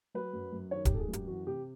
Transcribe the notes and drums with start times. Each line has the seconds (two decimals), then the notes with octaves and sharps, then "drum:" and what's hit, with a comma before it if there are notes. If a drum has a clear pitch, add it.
0.14 F#3 B4
0.33 F#2
0.52 F#2
0.71 D#3 C#5
0.85 G4, drum: kick, hi-hat
0.90 G#1 A4
0.99 G#4
1.08 F#2
1.13 G4, drum: hi-hat
1.27 E3 F#4
1.47 C3 G4